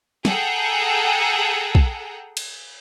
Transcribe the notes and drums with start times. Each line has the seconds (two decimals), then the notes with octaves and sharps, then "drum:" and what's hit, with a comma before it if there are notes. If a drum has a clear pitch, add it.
0.25 G#4 A4 F#5 G5 A#5, drum: snare
1.75 drum: kick
2.37 drum: cymbal